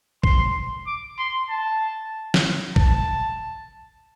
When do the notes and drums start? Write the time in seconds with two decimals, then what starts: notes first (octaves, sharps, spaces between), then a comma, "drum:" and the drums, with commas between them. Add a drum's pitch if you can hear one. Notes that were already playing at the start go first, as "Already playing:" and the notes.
0.24 C6, drum: kick
0.86 D6
1.19 C6
1.50 A5
2.34 drum: snare
2.76 A5, drum: kick